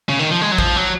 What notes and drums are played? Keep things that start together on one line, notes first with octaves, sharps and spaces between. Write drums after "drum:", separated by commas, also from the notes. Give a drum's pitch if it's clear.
C#3
D#3
F3
G#3
F#3
F3, drum: kick
F#3